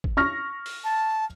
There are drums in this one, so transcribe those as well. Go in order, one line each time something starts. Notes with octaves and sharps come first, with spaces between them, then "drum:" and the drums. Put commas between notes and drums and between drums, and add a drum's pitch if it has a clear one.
drum: kick
C#6 F6 A#6
drum: open hi-hat
A5